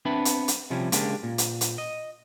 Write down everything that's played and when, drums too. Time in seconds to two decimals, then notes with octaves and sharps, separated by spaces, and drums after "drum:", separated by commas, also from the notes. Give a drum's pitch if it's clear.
0.05 B3 C4 D4 B4 E5 B5
0.25 drum: hi-hat
0.48 drum: hi-hat
0.70 C3 F3 G3 C#4
0.92 C#3 G#3 A#3 D4 G4, drum: hi-hat
1.23 A#2
1.38 drum: hi-hat
1.61 drum: hi-hat
1.78 D#5